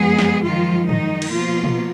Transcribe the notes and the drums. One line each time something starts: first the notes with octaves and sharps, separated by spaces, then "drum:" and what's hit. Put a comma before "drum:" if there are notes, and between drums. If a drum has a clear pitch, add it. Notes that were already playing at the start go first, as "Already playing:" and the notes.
Already playing: F#2 F3 G#3 B3 G#4
drum: snare
F#2 D#3 F3 G#3 F4
D#3 D#4, drum: tom
drum: cymbal
B2 F3 A#3 F4
drum: tom